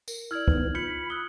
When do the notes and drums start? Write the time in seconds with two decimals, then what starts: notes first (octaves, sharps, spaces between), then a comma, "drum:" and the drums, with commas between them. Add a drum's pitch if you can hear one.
0.08 A#4, drum: tambourine
0.31 E4 D5 F6 G#6 F#7
0.48 D#3 B3, drum: kick
0.75 F4 B5 G6 C#7 F#7
1.10 D#6 E6 F#6 G7